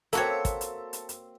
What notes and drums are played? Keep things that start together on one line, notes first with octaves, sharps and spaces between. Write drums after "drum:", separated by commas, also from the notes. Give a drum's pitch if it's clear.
A#3 C4 F#4 A4 C#5 E5, drum: hi-hat
drum: kick, hi-hat
drum: hi-hat
drum: hi-hat
drum: hi-hat